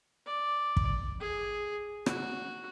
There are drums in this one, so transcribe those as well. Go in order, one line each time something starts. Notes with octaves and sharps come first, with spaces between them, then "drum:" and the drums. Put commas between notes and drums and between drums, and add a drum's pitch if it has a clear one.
D5
drum: kick
G#4
F#4, drum: rim click